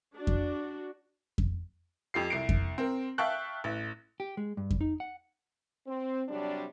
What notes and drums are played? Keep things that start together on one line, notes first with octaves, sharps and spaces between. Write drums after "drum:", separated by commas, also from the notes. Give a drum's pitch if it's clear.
D4 F#4
drum: kick F2
drum: kick F2
F2 G4 C7
C2 C7 D7
drum: kick F2
C4 A#4
E5 F5 G5 A5 C#6 F#6
A1
G4
G#3
G2
drum: kick F2
D#4
F#5
C4
C3 F#3 G3 D4